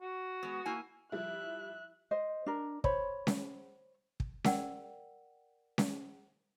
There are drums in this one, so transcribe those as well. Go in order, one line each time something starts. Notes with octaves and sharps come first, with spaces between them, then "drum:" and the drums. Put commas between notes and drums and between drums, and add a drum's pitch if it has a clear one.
F#4
G#3 B3
A#3 E4 G#5
F3 G3 E4 E5 F#6
C5 D#5
D4 A#4
C5 C#5 B5, drum: kick
drum: snare C#4
drum: kick
A#4 D5 F#5 G5, drum: snare C#4
drum: snare C#4